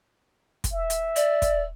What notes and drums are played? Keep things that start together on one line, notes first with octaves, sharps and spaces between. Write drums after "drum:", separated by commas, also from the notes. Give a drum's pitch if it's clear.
drum: kick, hi-hat
E5
drum: hi-hat
D5, drum: hi-hat
drum: kick, hi-hat